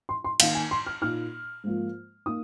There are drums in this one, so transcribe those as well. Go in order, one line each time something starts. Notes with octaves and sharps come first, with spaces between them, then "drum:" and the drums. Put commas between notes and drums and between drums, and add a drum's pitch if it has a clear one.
C6
C6
D#3 A#3 D#4 F5, drum: cymbal
G#5
C6
F6
A#2 A#3 D#4 F6
G#2 F3 A#3 F4
A#3 D#4 D#6